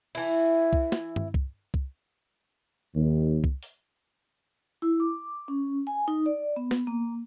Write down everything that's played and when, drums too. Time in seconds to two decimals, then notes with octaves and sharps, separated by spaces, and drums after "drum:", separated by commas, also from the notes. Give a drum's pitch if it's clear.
0.15 E3 E4, drum: cymbal
0.73 drum: kick C2
0.92 drum: snare
1.16 drum: tom G2
1.34 drum: kick C2
1.74 drum: kick C2
2.96 D#2
3.44 drum: kick C2
3.63 drum: open hi-hat
4.82 E4
5.00 D6
5.48 C#4
5.87 G#5
6.08 D#4
6.26 D5
6.56 B3
6.71 drum: snare
6.87 A#3